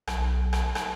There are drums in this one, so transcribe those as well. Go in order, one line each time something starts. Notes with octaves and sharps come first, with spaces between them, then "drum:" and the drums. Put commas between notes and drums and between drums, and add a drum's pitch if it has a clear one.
B1, drum: rim click
drum: rim click
drum: rim click